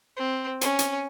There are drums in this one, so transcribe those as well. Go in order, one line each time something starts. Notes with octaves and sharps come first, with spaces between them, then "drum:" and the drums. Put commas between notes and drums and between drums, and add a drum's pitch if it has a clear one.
C4
C#4, drum: hi-hat
drum: hi-hat